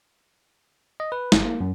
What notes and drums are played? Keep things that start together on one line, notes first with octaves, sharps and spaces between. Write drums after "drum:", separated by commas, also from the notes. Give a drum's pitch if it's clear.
D#5
B4
G1, drum: snare
A#3
F#2